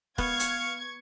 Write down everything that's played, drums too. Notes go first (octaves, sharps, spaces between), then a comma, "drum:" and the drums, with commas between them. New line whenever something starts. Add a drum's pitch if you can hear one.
B3 F5 C#6 G#6, drum: kick
drum: hi-hat